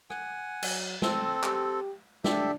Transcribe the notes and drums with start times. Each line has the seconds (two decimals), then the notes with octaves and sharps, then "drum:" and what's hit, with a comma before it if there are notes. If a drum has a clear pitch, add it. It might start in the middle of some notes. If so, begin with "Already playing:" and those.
0.10 F#5 G#5, drum: rim click
0.63 F#3, drum: cymbal
1.02 C4 A4 C5, drum: snare
1.43 G4, drum: clap
2.24 D4 G4 A4 E5, drum: snare